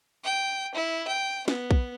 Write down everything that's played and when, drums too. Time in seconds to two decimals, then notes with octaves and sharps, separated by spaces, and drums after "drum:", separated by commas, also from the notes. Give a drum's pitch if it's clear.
0.24 G5
0.75 E4
1.08 G5
1.48 B3, drum: snare
1.71 drum: kick